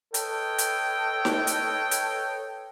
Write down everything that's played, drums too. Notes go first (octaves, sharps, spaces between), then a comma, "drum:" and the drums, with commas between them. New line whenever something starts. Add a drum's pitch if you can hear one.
A4 B4 C#5 D#5 G5, drum: hi-hat
drum: hi-hat
drum: snare D#4
drum: hi-hat
drum: hi-hat